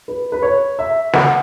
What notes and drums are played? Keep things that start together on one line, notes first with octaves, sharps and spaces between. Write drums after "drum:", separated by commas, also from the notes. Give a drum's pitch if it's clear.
B4
B4
C#5
E5
F#5, drum: snare